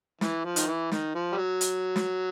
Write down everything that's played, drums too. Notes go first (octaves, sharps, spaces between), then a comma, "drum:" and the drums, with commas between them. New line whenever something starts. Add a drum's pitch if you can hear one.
E3, drum: snare
F3
D#3, drum: hi-hat
E3
D#3, drum: snare
F3
G3
F#3
drum: hi-hat
drum: snare